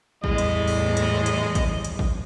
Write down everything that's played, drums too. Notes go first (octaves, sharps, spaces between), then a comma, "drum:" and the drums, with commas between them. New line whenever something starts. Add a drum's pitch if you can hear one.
E2 A2 G3 G#3 D#5, drum: kick A1
drum: hi-hat
drum: open hi-hat
drum: hi-hat
drum: hi-hat
drum: kick A1, hi-hat
drum: hi-hat
drum: kick A1